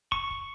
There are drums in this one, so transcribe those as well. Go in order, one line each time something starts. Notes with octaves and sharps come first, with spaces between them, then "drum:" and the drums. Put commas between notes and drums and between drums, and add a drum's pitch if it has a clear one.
C#6, drum: kick
drum: kick